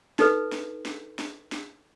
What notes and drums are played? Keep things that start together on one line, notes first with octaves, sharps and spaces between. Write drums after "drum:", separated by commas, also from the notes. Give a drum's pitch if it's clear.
D#4 A4 B4, drum: snare
drum: snare
drum: snare
drum: snare
drum: snare